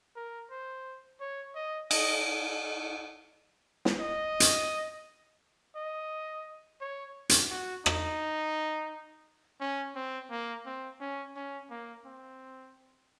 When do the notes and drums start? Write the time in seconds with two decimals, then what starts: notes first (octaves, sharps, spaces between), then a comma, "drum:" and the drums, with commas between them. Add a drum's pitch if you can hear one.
0.16 A#4
0.51 C5
1.21 C#5
1.55 D#5
1.91 D#5, drum: cymbal
3.85 drum: snare
4.00 D#5
4.40 drum: hi-hat
5.76 D#5
6.81 C#5
7.29 drum: hi-hat
7.51 F#4
7.86 D#4, drum: rim click
9.61 C#4
9.96 C4
10.31 A#3
10.66 C4
11.01 C#4
11.36 C#4
11.70 A#3
12.05 C4